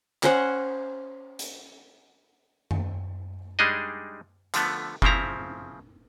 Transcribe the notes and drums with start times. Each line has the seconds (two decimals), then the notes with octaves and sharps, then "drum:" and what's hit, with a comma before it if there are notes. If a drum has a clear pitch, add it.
0.23 C#4 C5 F#5, drum: clap
1.39 drum: hi-hat
2.71 drum: tom F#2
3.59 G3 G#3 D4 D#4 G#4 D#5
4.54 D3 F3 A3 B3, drum: hi-hat
5.02 C#3 F3 C4 E4 A#5, drum: kick F#1